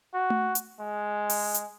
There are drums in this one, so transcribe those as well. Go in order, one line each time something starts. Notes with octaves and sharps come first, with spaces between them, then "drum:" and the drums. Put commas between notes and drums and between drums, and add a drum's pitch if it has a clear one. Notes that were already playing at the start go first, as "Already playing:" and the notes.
F#4
drum: tom A3
drum: hi-hat
G#3
drum: open hi-hat
drum: hi-hat